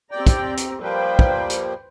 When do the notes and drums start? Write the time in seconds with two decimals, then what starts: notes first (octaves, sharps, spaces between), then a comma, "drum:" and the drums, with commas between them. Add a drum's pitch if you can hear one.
0.11 C4 G4 D5 G5 A#5
0.27 drum: kick, hi-hat
0.57 drum: hi-hat
0.81 F3 G3 A#3 B4 C5 G5
1.19 drum: kick
1.50 drum: hi-hat